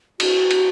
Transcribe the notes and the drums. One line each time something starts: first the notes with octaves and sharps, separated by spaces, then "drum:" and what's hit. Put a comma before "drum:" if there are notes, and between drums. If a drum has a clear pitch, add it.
F#4, drum: cymbal
drum: cymbal